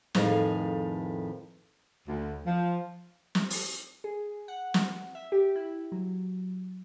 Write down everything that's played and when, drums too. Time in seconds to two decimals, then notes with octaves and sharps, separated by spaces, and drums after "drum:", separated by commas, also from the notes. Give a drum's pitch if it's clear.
0.15 F2 A2 D#3 G#4 B4 F5, drum: snare
2.08 D2
2.46 F3
3.35 drum: snare
3.50 drum: open hi-hat
4.04 G#4
4.48 F#5
4.74 drum: snare
5.15 E5
5.32 G4
5.56 E4
5.92 F#3